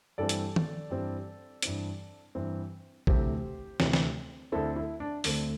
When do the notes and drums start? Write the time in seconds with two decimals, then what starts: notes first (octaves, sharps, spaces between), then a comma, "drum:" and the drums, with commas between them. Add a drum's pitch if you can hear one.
0.18 G2 E3 G3 C4 A4 D5
0.29 drum: hi-hat
0.56 drum: tom
0.90 G2 E3 G3 C4
1.62 G2 E3 C4, drum: hi-hat
2.35 G2 E3 C4
3.07 D2 C3 E3 A3 C4 G4 C5, drum: kick A1
3.80 D2 C3 E3 A3 C4, drum: snare
3.93 drum: snare
4.52 D2 D3 A3 C4 E4 A4
4.76 E4
5.00 D4
5.24 D2 D3 A3 C4 D4, drum: open hi-hat